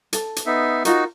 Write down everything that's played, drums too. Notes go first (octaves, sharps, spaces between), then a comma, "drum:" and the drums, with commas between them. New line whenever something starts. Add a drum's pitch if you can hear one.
A4 A5, drum: hi-hat
drum: hi-hat
B3 D#4 E5
D#4 F4 F#4 A#4, drum: hi-hat